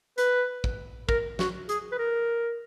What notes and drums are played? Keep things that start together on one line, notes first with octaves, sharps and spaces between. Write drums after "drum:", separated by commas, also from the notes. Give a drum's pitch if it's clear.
B4, drum: hi-hat
drum: kick
A#4, drum: kick
F#4, drum: snare
G#4, drum: hi-hat
B4
A#4